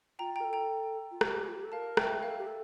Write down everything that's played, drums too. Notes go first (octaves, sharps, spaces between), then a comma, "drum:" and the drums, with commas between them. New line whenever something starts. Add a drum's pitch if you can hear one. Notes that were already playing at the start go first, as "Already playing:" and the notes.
F4 G5 A#5
A#4 G5 A#5
A4
G5 A#5
F4
G4, drum: rim click
F4
G4
A4
A#4 F5 A5
E5 G5, drum: rim click
A#4 F5
A4
G4
A4